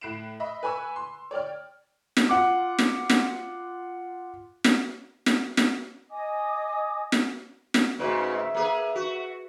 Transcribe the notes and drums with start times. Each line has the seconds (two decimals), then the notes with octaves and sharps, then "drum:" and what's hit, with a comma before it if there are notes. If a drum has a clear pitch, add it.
0.01 A2 F#6 C7 D7 E7
0.40 D#5 E5 B5
0.63 B4 G#5 B5 C#6 E6
0.96 C6
1.31 C#5 D5 G5 F6
2.17 drum: snare
2.29 F4 F#5 D6
2.79 drum: snare
3.10 drum: snare
4.64 drum: snare
5.26 drum: snare
5.57 drum: snare
6.09 D#5 G#5 D6 D#6
7.12 drum: snare
7.74 drum: snare
7.99 G#2 C#3 A3 C#4 F#4 B4
8.36 E5
8.54 A#3 G#4 B4
8.95 F#4